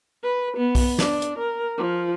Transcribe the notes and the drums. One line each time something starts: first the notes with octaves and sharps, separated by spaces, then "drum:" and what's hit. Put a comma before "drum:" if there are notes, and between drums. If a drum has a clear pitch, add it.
B4
B3
drum: kick B1, open hi-hat
D4, drum: snare
drum: hi-hat
A#4
F3